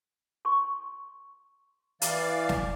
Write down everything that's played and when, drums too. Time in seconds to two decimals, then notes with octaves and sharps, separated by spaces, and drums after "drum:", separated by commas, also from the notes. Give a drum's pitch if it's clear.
0.45 C6 C#6
2.02 E3 D5 F5, drum: hi-hat
2.49 drum: snare